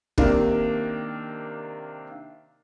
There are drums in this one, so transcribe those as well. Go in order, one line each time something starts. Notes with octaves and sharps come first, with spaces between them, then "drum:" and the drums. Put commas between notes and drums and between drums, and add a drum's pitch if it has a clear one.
C3 D#3 A#3 D4, drum: kick